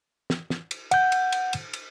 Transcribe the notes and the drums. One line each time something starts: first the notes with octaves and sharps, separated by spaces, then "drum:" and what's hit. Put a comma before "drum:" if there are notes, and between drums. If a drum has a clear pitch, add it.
drum: snare
drum: snare
drum: cymbal
F#5 G6, drum: cymbal
drum: cymbal
drum: cymbal
drum: cymbal
drum: cymbal